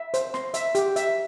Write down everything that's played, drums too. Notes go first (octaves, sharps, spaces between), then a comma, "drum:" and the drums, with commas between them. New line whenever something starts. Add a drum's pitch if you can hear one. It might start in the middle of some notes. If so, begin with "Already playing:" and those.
Already playing: E5
C5, drum: hi-hat
C6, drum: snare
E5, drum: hi-hat
G4, drum: hi-hat
E5, drum: hi-hat